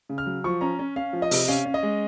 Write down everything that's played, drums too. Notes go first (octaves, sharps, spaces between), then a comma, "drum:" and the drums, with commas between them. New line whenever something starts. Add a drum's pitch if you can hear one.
C#3
F6
F#3
F3 C#6
C#4 A#5
C#4
C#4 F5
F3
D#5
C3, drum: open hi-hat
C#4 F5
C#4
D#5
G#3